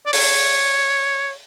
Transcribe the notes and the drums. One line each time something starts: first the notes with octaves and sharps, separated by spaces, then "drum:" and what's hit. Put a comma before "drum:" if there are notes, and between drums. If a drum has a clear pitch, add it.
D5
C#5, drum: open hi-hat